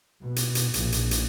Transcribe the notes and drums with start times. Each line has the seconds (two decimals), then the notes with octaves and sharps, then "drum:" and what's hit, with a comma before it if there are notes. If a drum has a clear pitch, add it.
0.22 B2
0.36 drum: hi-hat
0.55 drum: hi-hat
0.74 A#1, drum: hi-hat
0.92 drum: hi-hat
1.11 drum: hi-hat